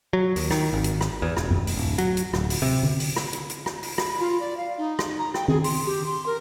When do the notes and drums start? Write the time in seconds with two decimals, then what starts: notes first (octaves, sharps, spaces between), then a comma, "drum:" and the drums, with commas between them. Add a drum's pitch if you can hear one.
0.13 F#3
0.36 D#2, drum: open hi-hat
0.51 D#3, drum: rim click
0.73 G#1
0.84 drum: hi-hat
1.01 drum: rim click
1.22 E2
1.37 E1, drum: rim click
1.50 drum: tom F#2
1.67 drum: open hi-hat
1.77 D1
1.98 F#3, drum: hi-hat
2.17 drum: hi-hat
2.33 D1, drum: rim click
2.50 drum: open hi-hat
2.62 C3
2.83 drum: tom D3
3.00 drum: open hi-hat
3.16 drum: rim click
3.33 drum: hi-hat
3.50 drum: hi-hat
3.66 drum: rim click
3.83 drum: open hi-hat
3.98 B5, drum: rim click
4.20 F4
4.40 D5
4.57 F5
4.78 D#4
4.99 drum: rim click
5.19 A#5
5.34 G5, drum: rim click
5.48 G#4, drum: tom D#3
5.64 C6, drum: open hi-hat
5.86 G4
6.06 C6
6.26 A#4